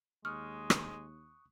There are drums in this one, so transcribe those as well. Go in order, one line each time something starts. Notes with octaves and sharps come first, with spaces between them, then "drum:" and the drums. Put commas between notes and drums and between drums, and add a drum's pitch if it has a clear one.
D#2 G#3 C#6 D#6 F6 F#6
drum: rim click